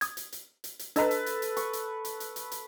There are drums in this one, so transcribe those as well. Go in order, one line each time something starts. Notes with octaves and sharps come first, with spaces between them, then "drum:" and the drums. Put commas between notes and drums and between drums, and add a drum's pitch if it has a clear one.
D#6 G#6, drum: hi-hat
drum: hi-hat
drum: hi-hat
drum: hi-hat
drum: hi-hat
D4 A4 B4 D#5 A#5, drum: hi-hat
drum: hi-hat
drum: hi-hat
drum: hi-hat
C#6, drum: hi-hat
drum: hi-hat
drum: hi-hat
drum: hi-hat
drum: hi-hat
drum: hi-hat